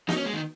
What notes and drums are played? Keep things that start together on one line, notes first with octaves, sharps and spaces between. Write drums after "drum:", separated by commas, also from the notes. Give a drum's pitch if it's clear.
D#4, drum: snare
C#4
G#3
D#3